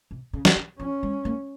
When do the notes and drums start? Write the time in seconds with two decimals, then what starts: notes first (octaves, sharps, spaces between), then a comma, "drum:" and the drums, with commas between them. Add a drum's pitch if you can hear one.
0.11 C3
0.33 C#3
0.45 drum: snare
0.56 E3
0.79 F3 C#4
1.03 G#3
1.25 A#3